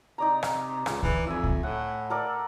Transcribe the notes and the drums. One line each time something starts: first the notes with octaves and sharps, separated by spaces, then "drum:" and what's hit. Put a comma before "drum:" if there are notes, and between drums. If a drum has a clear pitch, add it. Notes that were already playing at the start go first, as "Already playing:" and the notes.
C3 D#4 D5 A#5
drum: rim click
C#2, drum: rim click
E3, drum: kick C#2
F2 E5 G#5
drum: kick C#2
A2 F#5
A4 A#4 D5